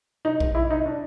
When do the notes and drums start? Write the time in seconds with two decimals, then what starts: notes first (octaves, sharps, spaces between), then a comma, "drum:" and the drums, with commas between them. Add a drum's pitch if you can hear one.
0.25 D#4
0.40 drum: kick A#1
0.55 E4
0.70 D#4
0.85 D4